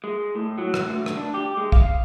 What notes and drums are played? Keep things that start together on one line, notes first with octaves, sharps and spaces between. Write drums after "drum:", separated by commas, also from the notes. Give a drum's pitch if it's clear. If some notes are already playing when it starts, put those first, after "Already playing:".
G#3
A2
F#3
drum: rim click
D2
drum: rim click
D4
G4
G#3
F5, drum: kick